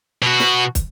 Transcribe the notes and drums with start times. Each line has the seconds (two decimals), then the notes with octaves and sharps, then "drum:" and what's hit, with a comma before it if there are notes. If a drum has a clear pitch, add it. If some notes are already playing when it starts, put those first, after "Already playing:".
0.22 B2 F#4
0.40 drum: snare
0.75 drum: kick, hi-hat